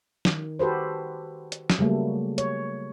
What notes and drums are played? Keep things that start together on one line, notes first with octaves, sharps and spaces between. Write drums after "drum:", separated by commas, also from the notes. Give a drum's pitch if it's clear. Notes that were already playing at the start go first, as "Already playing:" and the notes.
D#3, drum: snare
F#4 G4 A4 B4 C5
drum: hi-hat
drum: snare
C#3 F#3 G3 A3 A#3
C#5, drum: hi-hat